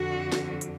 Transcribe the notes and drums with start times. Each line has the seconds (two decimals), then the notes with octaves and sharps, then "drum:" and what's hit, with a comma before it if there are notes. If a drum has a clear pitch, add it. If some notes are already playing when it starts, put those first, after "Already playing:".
Already playing: F2 D3 F#4
0.32 drum: snare
0.61 drum: hi-hat